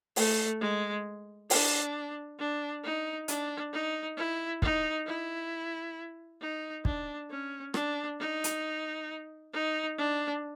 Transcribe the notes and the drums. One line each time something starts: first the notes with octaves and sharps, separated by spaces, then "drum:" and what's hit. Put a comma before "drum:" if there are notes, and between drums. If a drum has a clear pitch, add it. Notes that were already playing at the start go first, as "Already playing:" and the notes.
A3, drum: open hi-hat
G#3
D4, drum: open hi-hat
D4
D#4
D4, drum: hi-hat
D#4
E4
D#4, drum: kick
E4
D#4
D4, drum: kick
C#4
D4, drum: rim click
D#4
drum: hi-hat
D#4
D4